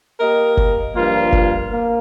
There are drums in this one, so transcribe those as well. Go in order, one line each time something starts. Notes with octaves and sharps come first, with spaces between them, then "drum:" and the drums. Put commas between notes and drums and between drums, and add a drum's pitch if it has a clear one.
A#3 G4 A#4 D#5
drum: kick F#1
G2 F3 A#3 F4 A#4
drum: kick F#1
A#3